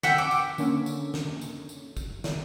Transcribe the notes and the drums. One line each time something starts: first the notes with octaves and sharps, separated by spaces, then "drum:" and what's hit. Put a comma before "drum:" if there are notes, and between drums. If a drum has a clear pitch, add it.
E5 F#5 G5, drum: snare
D6 E6
drum: tambourine
D3 A#3 C#4, drum: tambourine
drum: tambourine
drum: snare
drum: tambourine
drum: tambourine
drum: kick, tambourine
drum: snare